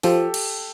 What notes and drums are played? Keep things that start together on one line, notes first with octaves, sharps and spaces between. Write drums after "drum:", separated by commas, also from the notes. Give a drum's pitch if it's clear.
F3 G4 A4, drum: open hi-hat
drum: cymbal